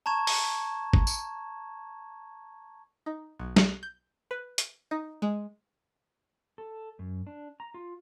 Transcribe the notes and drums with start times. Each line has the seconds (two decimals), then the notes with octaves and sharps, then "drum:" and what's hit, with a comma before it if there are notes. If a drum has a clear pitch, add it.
0.06 A5 A#5 C#6 G#6 E7
0.27 drum: open hi-hat
0.93 drum: kick
1.07 drum: tambourine
3.06 D#4
3.39 B1
3.56 drum: snare
3.83 G6
4.31 B4
4.58 drum: hi-hat
4.91 D#4
5.22 G#3
6.58 A4
6.99 F#2
7.27 D4
7.60 A#5
7.74 F4